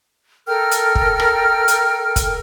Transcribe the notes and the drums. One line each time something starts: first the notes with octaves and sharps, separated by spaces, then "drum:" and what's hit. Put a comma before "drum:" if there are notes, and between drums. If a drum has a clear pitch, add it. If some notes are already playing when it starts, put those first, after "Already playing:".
A4 A#4 G5 F6
drum: hi-hat
drum: kick
drum: rim click
drum: hi-hat
drum: kick, hi-hat